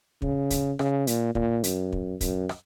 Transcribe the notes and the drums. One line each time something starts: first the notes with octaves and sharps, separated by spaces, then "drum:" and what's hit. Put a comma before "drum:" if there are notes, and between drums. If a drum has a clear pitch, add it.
C#3, drum: kick
drum: kick, hi-hat
C#3, drum: rim click
A#2, drum: hi-hat
A#2, drum: kick
F#2, drum: hi-hat
drum: kick
F#2, drum: kick, hi-hat
drum: rim click